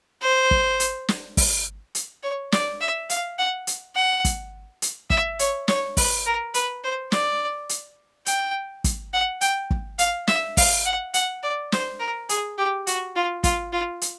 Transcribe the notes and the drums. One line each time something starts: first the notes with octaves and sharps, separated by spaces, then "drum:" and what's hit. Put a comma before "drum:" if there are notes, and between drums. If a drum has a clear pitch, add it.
C5
drum: kick
drum: hi-hat
drum: snare
drum: kick, open hi-hat
drum: hi-hat
C#5
D5, drum: snare
E5
F5, drum: hi-hat
F#5
drum: hi-hat
F#5
drum: kick, hi-hat
drum: hi-hat
E5, drum: kick
C#5, drum: hi-hat
C#5, drum: snare
B4, drum: kick, open hi-hat
A#4
B4, drum: hi-hat
C5
D5, drum: snare
drum: hi-hat
G5, drum: hi-hat
drum: kick, hi-hat
F#5
G5, drum: hi-hat
drum: kick
F5, drum: hi-hat
E5, drum: snare
F5, drum: kick, open hi-hat
F#5
F#5, drum: hi-hat
D5
C5, drum: snare
A#4
G#4, drum: hi-hat
G4
F#4, drum: hi-hat
F4
F4, drum: kick, hi-hat
F4
drum: hi-hat